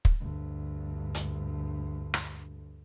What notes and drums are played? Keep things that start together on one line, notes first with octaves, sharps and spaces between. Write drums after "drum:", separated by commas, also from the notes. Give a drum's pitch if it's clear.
drum: kick
D2 G2
drum: hi-hat
drum: rim click